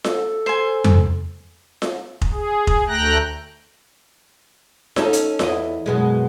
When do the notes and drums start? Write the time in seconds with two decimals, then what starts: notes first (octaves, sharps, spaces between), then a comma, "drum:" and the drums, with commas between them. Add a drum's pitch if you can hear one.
0.04 A4, drum: snare F4
0.46 C5 G#5
0.84 drum: tom F2
1.82 drum: snare F4
2.21 drum: kick F1
2.32 G#4
2.67 drum: kick F1
2.88 D2 A3 G5 A#5 F#6 A#6
4.96 C#4 D#4 A4, drum: snare F4
5.13 drum: hi-hat
5.39 E2 E4 D#5, drum: snare F4
5.86 F#2 B2 G#3